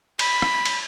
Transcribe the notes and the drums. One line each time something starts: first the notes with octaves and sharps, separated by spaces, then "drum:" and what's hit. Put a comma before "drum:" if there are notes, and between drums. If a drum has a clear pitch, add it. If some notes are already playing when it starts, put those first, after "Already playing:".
B5, drum: cymbal
drum: rim click
drum: cymbal